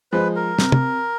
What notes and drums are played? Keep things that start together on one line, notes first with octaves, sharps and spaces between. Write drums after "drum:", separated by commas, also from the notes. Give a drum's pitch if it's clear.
F3 G#3 B4
A#4
C3, drum: snare
drum: tom